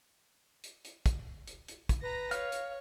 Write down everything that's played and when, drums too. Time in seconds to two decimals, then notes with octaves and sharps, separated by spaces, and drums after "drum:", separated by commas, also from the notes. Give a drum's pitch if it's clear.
0.64 drum: hi-hat
0.85 drum: hi-hat
1.06 drum: kick, hi-hat
1.48 drum: hi-hat
1.68 drum: hi-hat
1.89 drum: kick, hi-hat
2.02 B4 A#5 A#6
2.31 C#5 F5, drum: hi-hat
2.52 drum: hi-hat